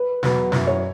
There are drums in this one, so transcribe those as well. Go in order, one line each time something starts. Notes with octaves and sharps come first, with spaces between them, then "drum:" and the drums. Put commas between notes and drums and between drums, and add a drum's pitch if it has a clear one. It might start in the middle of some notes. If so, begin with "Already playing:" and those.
Already playing: B4
E2 B2 F#3 B4, drum: snare
F#2 F#3 E4, drum: snare
C#5